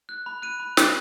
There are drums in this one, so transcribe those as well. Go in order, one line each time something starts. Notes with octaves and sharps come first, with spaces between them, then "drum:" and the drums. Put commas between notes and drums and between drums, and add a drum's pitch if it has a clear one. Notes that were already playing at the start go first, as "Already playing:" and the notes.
F#6
B5
F#6 D#7
B5
F#6, drum: snare